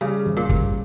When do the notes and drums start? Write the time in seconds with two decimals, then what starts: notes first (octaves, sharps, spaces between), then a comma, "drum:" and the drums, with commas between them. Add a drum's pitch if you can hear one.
0.01 C#3 G3
0.25 G#1
0.37 A#2
0.49 G3, drum: kick